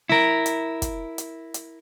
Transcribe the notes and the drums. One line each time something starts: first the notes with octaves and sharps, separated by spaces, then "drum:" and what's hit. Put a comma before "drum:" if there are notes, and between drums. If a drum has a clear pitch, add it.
E4 A#4, drum: snare
drum: hi-hat
drum: kick, hi-hat
drum: hi-hat
drum: hi-hat